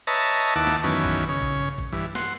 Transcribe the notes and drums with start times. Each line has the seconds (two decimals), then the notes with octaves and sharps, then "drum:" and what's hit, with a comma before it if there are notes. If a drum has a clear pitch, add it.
0.07 B4 C#5 D#5 E5 A5 A#5
0.56 D#2 E4 F#5 A5 D6
0.67 drum: snare
0.84 F#2 D#3 E3 B3 C#4
1.04 drum: kick A1
1.29 C#3 C#5
1.41 drum: kick A1
1.60 drum: tom G2
1.78 drum: kick A1
1.92 G2 E3
2.15 F#5 C6, drum: snare